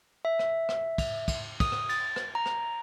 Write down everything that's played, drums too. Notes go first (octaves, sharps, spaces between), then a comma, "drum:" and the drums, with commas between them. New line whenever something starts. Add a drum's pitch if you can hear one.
E5
drum: rim click
drum: rim click
drum: kick, cymbal
drum: kick, cymbal
D#6, drum: kick, cymbal
drum: rim click
A6, drum: cymbal
drum: rim click
A#5
drum: rim click